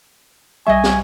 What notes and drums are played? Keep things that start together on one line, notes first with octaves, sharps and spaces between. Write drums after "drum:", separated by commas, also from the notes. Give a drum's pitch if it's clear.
B1 G3 D#5 E5 G#5 C#6
drum: snare